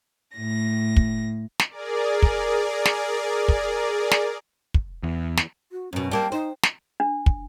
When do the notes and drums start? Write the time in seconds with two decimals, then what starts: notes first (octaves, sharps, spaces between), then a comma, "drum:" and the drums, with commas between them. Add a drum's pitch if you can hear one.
0.37 A2 A#6
0.97 drum: kick
1.59 drum: snare
1.69 G#4 A#4 D5
2.22 drum: kick
2.85 drum: snare
3.48 drum: kick
4.11 drum: snare
4.74 drum: kick
5.03 E2
5.37 drum: snare
5.72 F#4
5.93 F#2 B2 C#4
6.11 G3 A#3 C4 A5
6.32 D#4 C5
6.63 drum: snare
7.00 D4
7.26 drum: kick